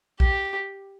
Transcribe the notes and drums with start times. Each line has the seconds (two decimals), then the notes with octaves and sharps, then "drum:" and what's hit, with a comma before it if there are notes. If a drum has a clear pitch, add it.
0.20 G4, drum: kick